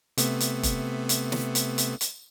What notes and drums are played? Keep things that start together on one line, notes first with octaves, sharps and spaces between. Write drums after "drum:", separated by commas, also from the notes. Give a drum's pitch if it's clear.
C3 A3 B3, drum: hi-hat
drum: hi-hat
drum: kick F1, hi-hat
drum: hi-hat
drum: snare
drum: hi-hat
drum: hi-hat
drum: hi-hat